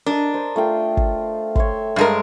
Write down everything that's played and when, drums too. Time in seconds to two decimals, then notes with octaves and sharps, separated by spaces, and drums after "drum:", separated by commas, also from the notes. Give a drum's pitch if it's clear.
0.06 D4 A#4 D#5
0.34 C5
0.56 A3 F4 G5
0.97 drum: kick
1.55 C#5 E5 C6, drum: kick
1.96 G2 G#3 A#4